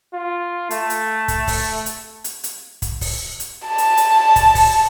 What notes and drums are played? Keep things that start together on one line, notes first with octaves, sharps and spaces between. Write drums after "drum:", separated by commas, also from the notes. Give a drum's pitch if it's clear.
F4
A3, drum: hi-hat
drum: hi-hat
drum: kick, hi-hat
drum: kick, open hi-hat
drum: hi-hat
drum: hi-hat
drum: hi-hat
drum: kick, hi-hat
drum: kick, open hi-hat
drum: hi-hat
A5
drum: hi-hat
drum: hi-hat
drum: kick, hi-hat
drum: kick, open hi-hat